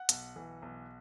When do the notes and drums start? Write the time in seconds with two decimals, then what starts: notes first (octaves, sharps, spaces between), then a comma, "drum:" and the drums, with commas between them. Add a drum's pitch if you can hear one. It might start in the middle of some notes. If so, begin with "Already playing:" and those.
Already playing: F#5
0.09 B1, drum: hi-hat
0.36 E3
0.62 B1